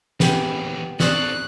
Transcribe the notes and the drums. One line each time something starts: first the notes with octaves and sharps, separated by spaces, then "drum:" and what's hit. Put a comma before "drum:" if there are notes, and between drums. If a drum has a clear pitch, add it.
D#2 E3 B3 G4 G#4, drum: snare
A4 C5 D5 C#6 D#6 F#6, drum: snare